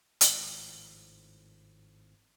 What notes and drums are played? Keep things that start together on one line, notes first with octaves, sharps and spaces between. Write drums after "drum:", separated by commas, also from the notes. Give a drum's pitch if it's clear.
G#1 A2 F3, drum: hi-hat